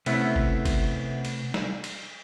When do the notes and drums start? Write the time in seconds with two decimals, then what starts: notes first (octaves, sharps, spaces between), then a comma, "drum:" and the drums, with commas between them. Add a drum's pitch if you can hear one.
0.06 C3 A3 B3 C#4 E4, drum: cymbal
0.36 drum: kick
0.65 drum: kick, cymbal
1.25 drum: cymbal
1.54 drum: snare
1.84 drum: cymbal